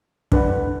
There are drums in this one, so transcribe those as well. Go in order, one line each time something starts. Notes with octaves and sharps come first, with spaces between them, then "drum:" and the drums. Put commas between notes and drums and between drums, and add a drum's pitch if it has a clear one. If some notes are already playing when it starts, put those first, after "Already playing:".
D4 B4 F#5, drum: kick